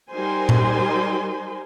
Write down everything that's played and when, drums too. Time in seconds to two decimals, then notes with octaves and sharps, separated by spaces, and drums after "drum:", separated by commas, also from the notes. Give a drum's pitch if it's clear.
0.11 G3 D#4 A#4 C5 G#5 C6
0.49 drum: tom A#2